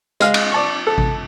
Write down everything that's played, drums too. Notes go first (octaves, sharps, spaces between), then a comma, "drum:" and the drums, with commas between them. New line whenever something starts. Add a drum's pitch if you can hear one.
G#3 F5, drum: hi-hat
drum: cymbal
D5 A5 C#6
A4
drum: kick G#1